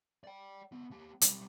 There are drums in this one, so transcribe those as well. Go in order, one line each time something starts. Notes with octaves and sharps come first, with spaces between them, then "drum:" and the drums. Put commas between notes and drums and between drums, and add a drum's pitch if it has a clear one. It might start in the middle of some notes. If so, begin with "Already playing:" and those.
D5 G5
B3 F4
A#3 G4
B1 G3, drum: hi-hat